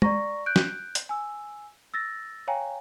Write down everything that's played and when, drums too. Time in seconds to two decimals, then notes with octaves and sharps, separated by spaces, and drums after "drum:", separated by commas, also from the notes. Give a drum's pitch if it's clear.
0.02 D5 A#5 C#6 A#6, drum: tom G#3
0.46 F#6 G6 D7
0.56 drum: snare
0.95 drum: hi-hat
1.09 G#5 E6
1.94 E6 A6 A#6
2.48 C#5 F5 G5 G#5 A#5